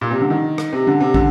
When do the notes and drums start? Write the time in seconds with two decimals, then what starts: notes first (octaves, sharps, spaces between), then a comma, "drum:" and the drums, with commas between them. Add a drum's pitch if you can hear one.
0.01 A#2
0.11 C3
0.21 D3
0.30 D#3
0.58 drum: rim click
0.73 C3
0.87 D3
1.00 C3
1.14 D3, drum: kick